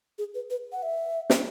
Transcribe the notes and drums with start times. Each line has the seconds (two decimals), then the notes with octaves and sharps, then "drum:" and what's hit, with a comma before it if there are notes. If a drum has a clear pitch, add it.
0.18 G#4
0.35 B4
0.50 B4
0.72 F#5
0.83 E5
1.30 drum: snare